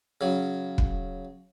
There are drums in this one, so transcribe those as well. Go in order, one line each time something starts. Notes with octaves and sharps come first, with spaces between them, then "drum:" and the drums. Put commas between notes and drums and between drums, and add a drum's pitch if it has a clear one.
C#3 F#3
drum: kick